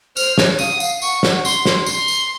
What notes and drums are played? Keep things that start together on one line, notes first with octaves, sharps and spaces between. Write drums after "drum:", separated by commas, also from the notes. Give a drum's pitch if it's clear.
C5 F6, drum: tambourine
C#5, drum: snare
F5 D#6, drum: tambourine
F#5
F5, drum: tambourine
F#5 C#6, drum: tambourine
drum: snare
C6, drum: tambourine
drum: snare
C6, drum: tambourine
drum: tambourine